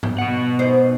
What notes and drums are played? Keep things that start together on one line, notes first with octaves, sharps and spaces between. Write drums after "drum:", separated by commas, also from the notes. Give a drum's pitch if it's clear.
drum: tom G#2
B2 F#5
F#2 D#4 C5